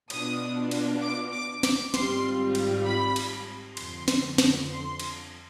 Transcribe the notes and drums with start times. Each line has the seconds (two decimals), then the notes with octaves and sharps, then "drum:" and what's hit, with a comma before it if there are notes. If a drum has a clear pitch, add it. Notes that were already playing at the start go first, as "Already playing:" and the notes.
0.10 B2 B3 D4 F4 D#6, drum: cymbal
0.71 drum: cymbal
1.01 D6
1.32 D6
1.63 D6, drum: snare
1.94 G#1 G#2 G3 C4 F4 C6, drum: snare
2.55 drum: cymbal
2.85 B5
3.16 drum: cymbal
3.77 F2 D3 F3 C4 C6, drum: cymbal
4.08 drum: snare
4.38 drum: snare
4.69 C6
4.99 drum: cymbal